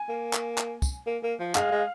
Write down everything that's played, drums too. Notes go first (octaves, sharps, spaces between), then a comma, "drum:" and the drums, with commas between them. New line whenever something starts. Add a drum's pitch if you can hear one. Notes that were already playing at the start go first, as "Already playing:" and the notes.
Already playing: G#5
A#3
drum: clap
drum: clap
drum: kick, tambourine
A#3
A#3
F3
G#3 F5, drum: clap
G#3